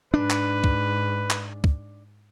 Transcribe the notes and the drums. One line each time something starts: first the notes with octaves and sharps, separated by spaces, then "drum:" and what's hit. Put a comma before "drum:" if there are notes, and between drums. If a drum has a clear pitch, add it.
G#2 D4 B4
drum: clap
drum: kick
drum: clap
drum: kick